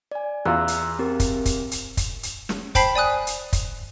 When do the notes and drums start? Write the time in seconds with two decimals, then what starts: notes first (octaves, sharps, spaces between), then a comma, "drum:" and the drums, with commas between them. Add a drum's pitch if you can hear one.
0.12 D5 G#5
0.45 E2 F4 A#5 E6 F#6
0.68 drum: hi-hat
0.99 C4 G4 A#4
1.20 drum: kick, hi-hat
1.45 drum: kick, hi-hat
1.71 drum: hi-hat
1.97 drum: kick, hi-hat
2.23 drum: hi-hat
2.49 drum: snare
2.75 C5 G5 A5 B5 B6 C7, drum: kick, hi-hat
2.95 D5 G#5 D#6 F#6
3.27 drum: hi-hat
3.53 drum: kick, hi-hat